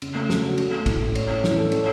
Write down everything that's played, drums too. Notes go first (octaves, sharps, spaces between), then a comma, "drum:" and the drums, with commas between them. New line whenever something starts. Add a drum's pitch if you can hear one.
C#3, drum: cymbal
A3
C#3, drum: snare
F#4
A4, drum: cymbal
A3
A2, drum: kick, cymbal
E4
C#5, drum: cymbal
C#4
E3, drum: snare
A4
C#5, drum: cymbal